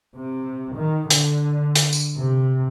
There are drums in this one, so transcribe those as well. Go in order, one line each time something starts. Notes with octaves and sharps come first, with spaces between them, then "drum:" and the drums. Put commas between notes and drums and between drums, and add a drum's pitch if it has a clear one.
C3
D#3
D3, drum: hi-hat
drum: hi-hat
drum: tambourine
C3